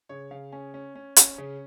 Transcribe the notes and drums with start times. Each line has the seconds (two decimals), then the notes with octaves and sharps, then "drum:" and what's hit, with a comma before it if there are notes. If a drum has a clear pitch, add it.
0.09 C#3 C#5
0.31 C#3 F5
0.52 C#4 G#5
0.74 C#4
0.95 C#4
1.16 C#4, drum: hi-hat
1.38 C#3